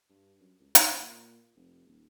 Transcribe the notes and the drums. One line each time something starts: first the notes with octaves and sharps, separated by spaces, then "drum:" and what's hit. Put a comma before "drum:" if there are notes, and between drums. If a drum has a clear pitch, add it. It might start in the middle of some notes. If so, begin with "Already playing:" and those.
G2
F#2
C#2
E2, drum: hi-hat
A#2
F1
D#1